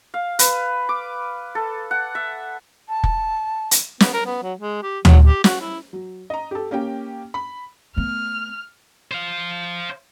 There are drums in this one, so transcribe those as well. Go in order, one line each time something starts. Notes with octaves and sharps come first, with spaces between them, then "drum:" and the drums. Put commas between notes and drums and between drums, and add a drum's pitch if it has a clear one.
F5
B4, drum: hi-hat
D6
A4
F#5
E5
A5
drum: kick
drum: hi-hat
B3, drum: snare
A#4
B3
F#3
G#3
G4
F#3, drum: tom
G4
F#4, drum: snare
E4
F#3
D#5 A#5
G4 A4
A#3 C#4 G4 G5
B5
A3 B3 F6
C5 F5